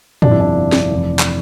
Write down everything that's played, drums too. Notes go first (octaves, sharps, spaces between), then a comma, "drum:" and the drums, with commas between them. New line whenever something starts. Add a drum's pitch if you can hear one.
G1 F2 C3 F3 D4, drum: tom
E4
D4
drum: snare
F1 F2 E3
drum: clap